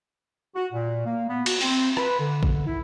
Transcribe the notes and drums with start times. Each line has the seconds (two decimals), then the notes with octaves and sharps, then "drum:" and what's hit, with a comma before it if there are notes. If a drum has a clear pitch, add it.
0.55 F#4
0.73 A#2
1.06 A#3
1.29 B3
1.46 F#4, drum: cymbal
1.61 C4, drum: open hi-hat
1.97 B4, drum: rim click
2.19 D3
2.43 drum: kick A#1
2.67 E4